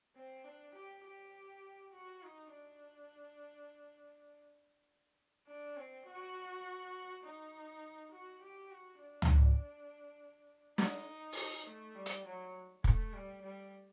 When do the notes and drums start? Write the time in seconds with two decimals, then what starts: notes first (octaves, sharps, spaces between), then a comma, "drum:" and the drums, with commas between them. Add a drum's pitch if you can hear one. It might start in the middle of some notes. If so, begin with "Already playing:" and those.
0.16 C4
0.44 D4
0.75 G4
1.04 G4
1.93 F#4
2.22 D#4
2.52 D4
5.47 D4
5.77 C4
6.06 F#4
7.24 D#4
8.12 F#4
8.42 G4
8.71 F#4
9.01 D4
9.22 drum: tom C#2
10.78 D#4, drum: snare
11.33 drum: open hi-hat
11.66 A3
11.95 G3
12.06 drum: hi-hat
12.25 F#3
12.84 A3, drum: kick
13.14 G3
13.43 G3